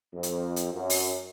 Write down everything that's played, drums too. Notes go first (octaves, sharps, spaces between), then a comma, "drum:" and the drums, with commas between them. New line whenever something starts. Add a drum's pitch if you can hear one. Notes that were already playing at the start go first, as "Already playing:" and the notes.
F2
drum: hi-hat
drum: hi-hat
F#2
drum: open hi-hat